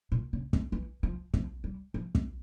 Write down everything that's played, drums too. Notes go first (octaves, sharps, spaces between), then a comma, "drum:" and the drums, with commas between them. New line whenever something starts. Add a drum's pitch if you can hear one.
A#2
C#3
D3, drum: kick
E3
F3
F3, drum: kick
G3
F3
drum: kick